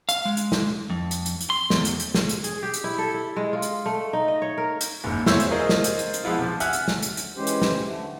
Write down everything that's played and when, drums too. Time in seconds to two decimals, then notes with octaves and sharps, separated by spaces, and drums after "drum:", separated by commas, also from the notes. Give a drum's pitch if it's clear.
0.09 F5, drum: hi-hat
0.25 G#3
0.37 drum: hi-hat
0.52 drum: snare
0.90 F2
1.11 drum: hi-hat
1.26 drum: hi-hat
1.41 drum: hi-hat
1.50 C6
1.70 E2, drum: snare
1.85 drum: hi-hat
2.00 drum: hi-hat
2.14 drum: snare
2.29 drum: hi-hat
2.44 G#4, drum: hi-hat
2.63 G4
2.74 drum: hi-hat
2.84 E4
2.98 A4
3.14 E4
3.36 G#3
3.53 F4
3.62 drum: hi-hat
3.86 A3
4.13 D#4
4.28 D#5
4.42 C#5
4.57 A#4
4.81 drum: hi-hat
5.04 F#1 D#2 G#2
5.26 E2 C5 C#5 E5 E6 G6, drum: snare
5.40 drum: hi-hat
5.51 F4 G#4 A#4 C5 D#5
5.69 drum: snare
5.84 drum: hi-hat
5.99 drum: hi-hat
6.14 drum: hi-hat
6.24 F3 G#3 B3 E4 F4
6.39 C3 F3
6.60 E5 F#5 G#5 F6 F#6, drum: hi-hat
6.73 drum: hi-hat
6.88 drum: snare
7.02 drum: hi-hat
7.17 drum: hi-hat
7.36 E3 G#3 C#4 G4 C5
7.47 drum: hi-hat
7.62 drum: snare
7.85 D3 A3